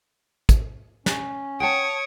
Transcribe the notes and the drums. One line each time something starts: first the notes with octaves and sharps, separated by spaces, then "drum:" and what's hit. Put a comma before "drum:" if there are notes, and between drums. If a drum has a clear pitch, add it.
drum: kick, hi-hat
C#4, drum: snare
C#5 F#5 G5 A5 D#6 C#7 D7